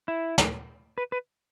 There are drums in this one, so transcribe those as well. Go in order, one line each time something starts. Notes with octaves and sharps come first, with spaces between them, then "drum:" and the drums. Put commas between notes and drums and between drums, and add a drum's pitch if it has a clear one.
E4
drum: snare
B4
B4